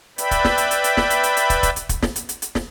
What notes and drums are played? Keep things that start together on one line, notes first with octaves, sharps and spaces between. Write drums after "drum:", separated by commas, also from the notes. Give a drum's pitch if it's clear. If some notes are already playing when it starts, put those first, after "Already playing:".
B4 D5 E5 G5 B5, drum: hi-hat
drum: kick, hi-hat
drum: snare
drum: hi-hat
drum: hi-hat
drum: hi-hat
drum: snare
drum: hi-hat
drum: hi-hat
drum: hi-hat
drum: kick, hi-hat
drum: kick, hi-hat
drum: hi-hat
drum: kick, hi-hat
drum: snare
drum: hi-hat
drum: hi-hat
drum: hi-hat
drum: snare